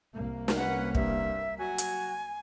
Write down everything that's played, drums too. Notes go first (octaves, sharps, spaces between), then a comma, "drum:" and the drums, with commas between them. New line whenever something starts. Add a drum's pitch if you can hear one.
C2 A#3
drum: snare
C#4 B4 F#5
G2 E5, drum: kick
F#3 F#4 G#5
drum: hi-hat